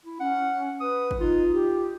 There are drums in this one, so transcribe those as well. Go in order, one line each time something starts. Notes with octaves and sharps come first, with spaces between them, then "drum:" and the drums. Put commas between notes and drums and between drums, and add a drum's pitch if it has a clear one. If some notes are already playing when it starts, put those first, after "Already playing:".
E4
C#4 F#5
B4 D#6
drum: kick
D#4 F4
F4 G4